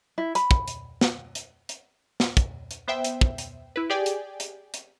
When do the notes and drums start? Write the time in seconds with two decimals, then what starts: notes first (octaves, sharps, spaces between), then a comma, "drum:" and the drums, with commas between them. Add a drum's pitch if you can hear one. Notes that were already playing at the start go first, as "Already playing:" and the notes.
0.18 E4
0.35 B5, drum: hi-hat
0.51 drum: kick
0.68 drum: hi-hat
1.01 drum: snare
1.35 drum: hi-hat
1.69 drum: hi-hat
2.20 drum: snare
2.37 drum: kick, hi-hat
2.71 drum: hi-hat
2.88 B3 C5 E5 G5
3.04 drum: hi-hat
3.21 drum: kick
3.38 drum: hi-hat
3.76 E4 B4
3.90 G4 G#4 D5 G5 G#5
4.06 drum: hi-hat
4.40 drum: hi-hat
4.74 drum: hi-hat